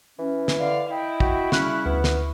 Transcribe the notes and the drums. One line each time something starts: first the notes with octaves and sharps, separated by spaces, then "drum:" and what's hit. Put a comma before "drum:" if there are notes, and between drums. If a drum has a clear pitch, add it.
E3 C#4
drum: snare
D3 D5 F5
E4 D#5 G5
F#4, drum: kick
C#3 G3 C#4 C#6 F6 F#6, drum: snare
D2 B3
drum: snare